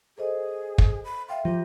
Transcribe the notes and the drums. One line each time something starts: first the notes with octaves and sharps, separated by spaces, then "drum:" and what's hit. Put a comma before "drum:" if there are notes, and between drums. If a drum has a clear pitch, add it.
G#4 A4 C5 D#5
drum: kick
B5
E5 F5 G5 C6
F3 F4 G4